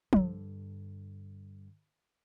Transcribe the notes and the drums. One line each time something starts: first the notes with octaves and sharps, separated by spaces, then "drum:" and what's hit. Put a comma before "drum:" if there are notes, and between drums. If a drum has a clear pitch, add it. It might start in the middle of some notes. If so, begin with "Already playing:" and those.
G2 D3, drum: tom F3